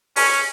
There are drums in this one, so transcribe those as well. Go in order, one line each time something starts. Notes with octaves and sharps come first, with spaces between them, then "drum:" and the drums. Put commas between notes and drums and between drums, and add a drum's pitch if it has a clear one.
C#4, drum: open hi-hat